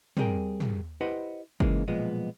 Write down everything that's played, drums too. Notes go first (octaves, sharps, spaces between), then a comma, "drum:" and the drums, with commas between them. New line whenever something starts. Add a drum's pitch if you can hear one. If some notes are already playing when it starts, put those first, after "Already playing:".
G3 C4 C#4 G#4 A#4 G5, drum: tom
drum: tom
E4 G4 B4 C5 D#5 F#5
C#3 E3 G#3 A#3 D#4, drum: kick F#1
B1 A#2 F3 G#3 B3 D#5